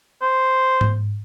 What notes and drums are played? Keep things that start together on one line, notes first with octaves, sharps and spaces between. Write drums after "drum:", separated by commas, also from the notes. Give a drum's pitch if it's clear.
C5
drum: tom G#2